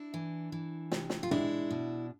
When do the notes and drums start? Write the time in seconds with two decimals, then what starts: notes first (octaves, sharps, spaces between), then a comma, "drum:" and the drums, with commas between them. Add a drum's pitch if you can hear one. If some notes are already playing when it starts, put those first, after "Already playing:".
Already playing: D4 E4
0.14 E3
0.52 E3
0.92 C3, drum: snare
1.10 drum: snare
1.23 F4
1.31 G#3 D4 E4, drum: tom
1.71 B2